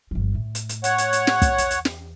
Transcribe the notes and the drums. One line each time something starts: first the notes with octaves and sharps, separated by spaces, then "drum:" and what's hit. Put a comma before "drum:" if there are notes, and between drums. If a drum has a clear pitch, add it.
G1 F3
A2
drum: hi-hat
drum: hi-hat
C#5 F#5, drum: hi-hat
drum: hi-hat
drum: hi-hat
drum: snare
drum: kick, hi-hat
E2, drum: hi-hat
drum: hi-hat
drum: snare